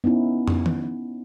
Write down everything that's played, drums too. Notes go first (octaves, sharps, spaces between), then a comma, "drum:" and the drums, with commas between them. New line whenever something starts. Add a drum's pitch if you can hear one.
B3 C#4 D#4 E4
drum: tom
drum: tom D#3